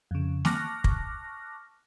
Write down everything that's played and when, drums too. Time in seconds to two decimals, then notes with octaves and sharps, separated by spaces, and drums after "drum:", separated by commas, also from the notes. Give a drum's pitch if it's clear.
0.11 F2 C#3
0.45 A5 C#6 D6 F6 F#6 A#6, drum: snare
0.84 drum: kick